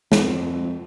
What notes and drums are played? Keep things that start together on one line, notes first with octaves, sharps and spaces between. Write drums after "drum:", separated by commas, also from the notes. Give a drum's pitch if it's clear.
E2, drum: snare
F2